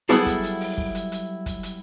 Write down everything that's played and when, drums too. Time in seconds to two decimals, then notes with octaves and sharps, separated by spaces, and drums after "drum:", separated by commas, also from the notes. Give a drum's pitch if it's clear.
0.09 F#3 G3 B3 E4 G#4 A4, drum: hi-hat
0.26 drum: kick, hi-hat
0.43 drum: hi-hat
0.60 drum: open hi-hat
0.78 drum: kick
0.95 drum: hi-hat
1.12 drum: hi-hat
1.46 drum: kick, hi-hat
1.63 drum: hi-hat